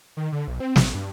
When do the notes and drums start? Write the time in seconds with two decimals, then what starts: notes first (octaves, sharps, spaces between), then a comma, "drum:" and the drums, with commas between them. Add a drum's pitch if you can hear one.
0.17 D#3
0.32 D3
0.48 B1
0.60 C4
0.76 A1, drum: snare
0.95 G2